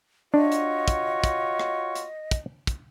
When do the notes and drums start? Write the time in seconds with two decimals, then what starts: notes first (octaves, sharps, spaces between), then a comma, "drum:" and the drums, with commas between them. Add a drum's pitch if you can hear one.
0.34 D4 F4 F#4 C#5 D#5
0.52 drum: hi-hat
0.88 drum: kick, hi-hat
1.24 drum: kick, hi-hat
1.60 drum: rim click
1.95 drum: hi-hat
2.31 drum: kick, hi-hat
2.67 drum: kick, hi-hat